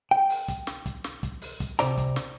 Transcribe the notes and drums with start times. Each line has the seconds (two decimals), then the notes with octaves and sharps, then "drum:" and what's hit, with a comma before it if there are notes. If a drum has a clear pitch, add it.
0.11 G5
0.30 drum: open hi-hat
0.48 drum: kick, hi-hat
0.67 drum: snare
0.86 drum: kick, hi-hat
1.04 drum: snare
1.23 drum: kick, hi-hat
1.42 drum: open hi-hat
1.60 drum: kick, hi-hat
1.79 C3 C5 D5 A#5, drum: snare
1.98 drum: kick, hi-hat
2.16 drum: snare